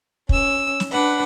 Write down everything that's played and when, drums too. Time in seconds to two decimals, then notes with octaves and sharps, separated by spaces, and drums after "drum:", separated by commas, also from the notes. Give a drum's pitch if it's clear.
0.29 C#4 E6, drum: kick
0.80 drum: snare
0.92 D4 B4 F#5 B5